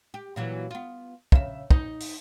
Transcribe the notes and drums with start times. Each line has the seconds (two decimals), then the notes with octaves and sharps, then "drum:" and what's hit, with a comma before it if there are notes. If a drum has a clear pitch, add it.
0.14 G4
0.36 A#2 E3 F#3
0.71 B3 F4
1.32 C#3 E5, drum: kick
1.70 D#4, drum: kick
2.00 drum: open hi-hat